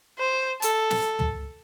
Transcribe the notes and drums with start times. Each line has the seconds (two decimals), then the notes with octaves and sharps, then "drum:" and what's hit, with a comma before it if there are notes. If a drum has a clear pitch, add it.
0.19 C5
0.62 A4, drum: hi-hat
0.90 drum: snare
1.19 drum: tom